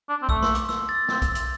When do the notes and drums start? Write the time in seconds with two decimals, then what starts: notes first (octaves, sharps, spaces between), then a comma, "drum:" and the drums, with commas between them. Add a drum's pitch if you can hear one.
0.09 D4
0.22 C4
0.29 A3 E6, drum: kick B1
0.43 C6, drum: snare
0.55 D6, drum: hi-hat
0.69 E6, drum: snare
0.89 A6
1.09 C4, drum: snare
1.22 drum: kick B1, hi-hat
1.35 drum: hi-hat